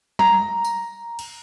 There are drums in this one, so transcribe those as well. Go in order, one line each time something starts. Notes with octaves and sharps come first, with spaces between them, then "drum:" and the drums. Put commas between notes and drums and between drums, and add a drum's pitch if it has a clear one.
A#5, drum: tom F#3
drum: tambourine
drum: cymbal